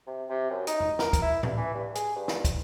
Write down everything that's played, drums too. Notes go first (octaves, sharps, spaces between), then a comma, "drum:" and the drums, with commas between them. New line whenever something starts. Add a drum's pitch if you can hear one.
C3
C3
F#2
D#4, drum: hi-hat
drum: tom E2
A#4, drum: snare
drum: kick, hi-hat
E4
G2, drum: tom A2
E3
G2
G#4, drum: hi-hat
G2
drum: snare
drum: kick, hi-hat